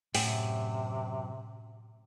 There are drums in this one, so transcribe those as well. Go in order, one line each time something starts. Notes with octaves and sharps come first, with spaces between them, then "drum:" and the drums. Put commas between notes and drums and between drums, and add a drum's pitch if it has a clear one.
F#2 A2 C3 G5, drum: open hi-hat